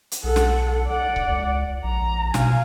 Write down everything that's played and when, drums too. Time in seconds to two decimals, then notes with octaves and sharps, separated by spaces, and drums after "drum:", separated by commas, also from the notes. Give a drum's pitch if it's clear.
0.11 drum: hi-hat
0.24 B1 A4 F#5
0.36 drum: snare
0.87 D5 F#5
1.16 drum: kick C#1
1.29 C#2
1.84 A#1 A#5
2.34 B2 F5 G#5, drum: snare